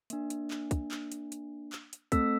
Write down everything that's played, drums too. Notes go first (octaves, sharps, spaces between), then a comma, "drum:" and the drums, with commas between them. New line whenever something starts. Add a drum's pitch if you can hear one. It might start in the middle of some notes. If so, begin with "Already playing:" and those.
A#3 D4, drum: hi-hat
drum: hi-hat
drum: clap
drum: kick, hi-hat
drum: clap
drum: hi-hat
drum: hi-hat
drum: clap
drum: hi-hat
A3 C4 A4 E6 B6, drum: kick, hi-hat